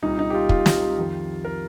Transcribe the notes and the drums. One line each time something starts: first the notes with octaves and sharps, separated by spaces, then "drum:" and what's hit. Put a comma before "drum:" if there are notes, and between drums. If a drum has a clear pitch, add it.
C2 A#2 D#4
D#4
G4
F4
F4, drum: kick
drum: snare
F2 D#3
A#4